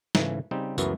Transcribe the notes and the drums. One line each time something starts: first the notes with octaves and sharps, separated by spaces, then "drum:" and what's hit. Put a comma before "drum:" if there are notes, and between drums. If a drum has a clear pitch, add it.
G#2 C#3 E3 A3, drum: snare
C#3 G3 C4 D#4
C#2 F#2 E3 F#3 A3 B3, drum: tambourine